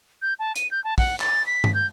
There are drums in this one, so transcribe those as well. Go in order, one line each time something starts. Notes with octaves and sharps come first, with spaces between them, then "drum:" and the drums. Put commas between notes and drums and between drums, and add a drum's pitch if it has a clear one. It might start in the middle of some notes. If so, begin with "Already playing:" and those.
G6
A5
D#7, drum: hi-hat
G6
A5
F#5, drum: kick, open hi-hat
A6, drum: clap
B6
drum: tom G2
G6